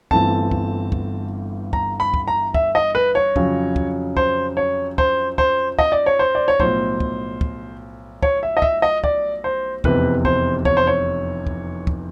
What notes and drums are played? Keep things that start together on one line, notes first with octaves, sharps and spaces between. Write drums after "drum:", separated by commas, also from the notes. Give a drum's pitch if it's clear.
G1 G2 E3 A3 C4 A5, drum: kick
drum: kick
drum: kick
A#5, drum: kick
B5
drum: kick
A#5
E5, drum: kick
D#5
B4
C#5
F2 C#3 F#3, drum: kick
drum: kick
C5, drum: kick
C#5
C5, drum: kick
C5, drum: kick
D#5, drum: kick
D5
C#5
C5
D5
C#5
B1 A2 F3 C5, drum: kick
drum: kick
drum: kick
C#5, drum: kick
E5
D#5
E5, drum: kick
D#5
D5, drum: kick
C5
F1 E2 C3 B4, drum: kick
C5, drum: kick
C#5, drum: kick
C5
C#5
drum: kick
drum: kick